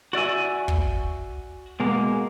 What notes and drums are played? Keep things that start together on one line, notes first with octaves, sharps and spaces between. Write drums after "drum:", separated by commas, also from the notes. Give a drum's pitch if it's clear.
F#4 D5 E5 G#5
drum: kick
B2 G#3 A#3